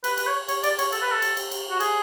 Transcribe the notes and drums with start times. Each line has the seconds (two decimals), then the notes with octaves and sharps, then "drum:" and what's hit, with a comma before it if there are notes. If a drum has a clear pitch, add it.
0.04 B4, drum: cymbal
0.17 B4, drum: cymbal
0.27 C#5
0.48 C#5, drum: cymbal
0.63 D5, drum: cymbal
0.79 C#5, drum: cymbal
0.92 A4, drum: cymbal
1.02 B4
1.11 A4
1.22 drum: cymbal
1.37 drum: cymbal
1.51 drum: cymbal
1.70 F#4
1.80 G#4, drum: cymbal